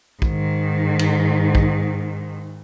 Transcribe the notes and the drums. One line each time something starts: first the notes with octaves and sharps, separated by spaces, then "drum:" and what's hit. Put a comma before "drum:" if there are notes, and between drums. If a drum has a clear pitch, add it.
G#2 D#3, drum: kick
drum: cymbal
drum: kick